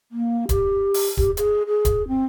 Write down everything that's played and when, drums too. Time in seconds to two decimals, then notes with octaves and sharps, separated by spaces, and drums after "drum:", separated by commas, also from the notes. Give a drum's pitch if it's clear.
0.12 A#3
0.49 G4, drum: kick, hi-hat
0.94 drum: open hi-hat
1.17 G4, drum: kick
1.37 G#4, drum: hi-hat
1.67 G#4
1.85 drum: kick, hi-hat
2.08 C4